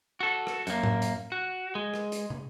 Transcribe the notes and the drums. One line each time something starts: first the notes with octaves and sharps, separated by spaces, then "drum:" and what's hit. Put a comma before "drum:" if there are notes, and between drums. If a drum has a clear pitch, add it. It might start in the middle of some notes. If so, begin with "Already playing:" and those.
F#4 A4
drum: rim click
F#2 A#3, drum: hi-hat
drum: tom A2
drum: hi-hat
F#4
G#3
drum: rim click
drum: hi-hat
drum: tom